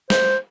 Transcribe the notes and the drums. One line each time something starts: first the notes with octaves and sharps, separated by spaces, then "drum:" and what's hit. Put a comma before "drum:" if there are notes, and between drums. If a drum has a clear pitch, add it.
C5, drum: snare